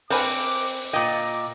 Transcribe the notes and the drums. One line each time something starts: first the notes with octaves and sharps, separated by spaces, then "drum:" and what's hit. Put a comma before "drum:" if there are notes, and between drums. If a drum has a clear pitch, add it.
C4 A#4 B4 G#5 D6, drum: open hi-hat
A#2 D#5 G5 D6